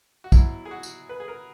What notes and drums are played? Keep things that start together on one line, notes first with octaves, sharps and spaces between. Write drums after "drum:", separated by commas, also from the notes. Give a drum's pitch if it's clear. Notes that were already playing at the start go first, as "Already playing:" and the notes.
F#4
B2 F#3 E4, drum: kick, tambourine
G#4
F#4
drum: tambourine
B4
G#4
A#4